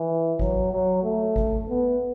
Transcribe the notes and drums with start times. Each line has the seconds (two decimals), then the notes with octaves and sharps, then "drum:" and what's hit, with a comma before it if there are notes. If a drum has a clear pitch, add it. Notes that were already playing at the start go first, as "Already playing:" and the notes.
Already playing: E3
0.39 F#3, drum: kick G#1
0.72 F#3
1.03 A3
1.36 drum: kick G#1
1.69 B3